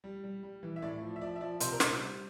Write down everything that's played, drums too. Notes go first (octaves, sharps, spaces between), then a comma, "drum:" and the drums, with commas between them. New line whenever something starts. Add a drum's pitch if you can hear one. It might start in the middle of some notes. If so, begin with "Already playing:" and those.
G3
G3
G3
E3
E5
A2 D5
F3
E5
F3 D5
E5
F3 D5
C3 C5, drum: hi-hat
A#4
C3 C5, drum: snare
G3